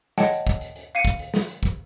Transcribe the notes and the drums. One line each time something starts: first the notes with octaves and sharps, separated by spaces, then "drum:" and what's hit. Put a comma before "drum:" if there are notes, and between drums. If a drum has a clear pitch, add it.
C#5 D#5 F#5 G5 A5, drum: snare
drum: hi-hat
drum: kick, hi-hat
drum: hi-hat
drum: hi-hat
F5 C7 C#7 D#7
drum: kick, hi-hat
drum: hi-hat
drum: snare
drum: hi-hat
drum: kick, hi-hat